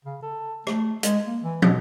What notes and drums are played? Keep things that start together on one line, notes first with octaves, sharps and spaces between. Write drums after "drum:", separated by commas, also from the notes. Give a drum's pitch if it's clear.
C#3
A4
A3, drum: rim click
G#3, drum: hi-hat
A#3
E3
B2, drum: tom